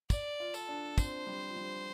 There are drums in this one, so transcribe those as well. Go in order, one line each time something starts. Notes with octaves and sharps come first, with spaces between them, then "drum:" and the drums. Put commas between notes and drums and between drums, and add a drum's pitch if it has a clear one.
D5, drum: kick, tambourine
F4
A4, drum: tambourine
D4
C4 C5, drum: kick, tambourine
G3
F3
G3